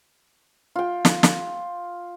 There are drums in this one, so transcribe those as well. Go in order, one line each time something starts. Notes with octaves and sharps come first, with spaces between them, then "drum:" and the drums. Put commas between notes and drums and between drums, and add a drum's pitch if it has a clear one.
F4 G5
drum: snare
drum: snare